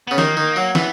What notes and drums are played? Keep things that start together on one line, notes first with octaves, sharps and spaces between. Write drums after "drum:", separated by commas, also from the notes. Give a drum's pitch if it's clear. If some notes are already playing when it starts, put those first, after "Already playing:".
C#3 B3
D#3 A#3, drum: snare
D#3
F#3
E3 B3, drum: snare